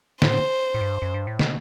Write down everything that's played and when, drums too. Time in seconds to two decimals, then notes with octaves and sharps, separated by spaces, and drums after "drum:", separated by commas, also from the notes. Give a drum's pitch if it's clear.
0.22 A2 C5, drum: snare
0.74 A2
0.81 G2
1.02 F#2
1.14 G2
1.27 A2
1.39 B2, drum: snare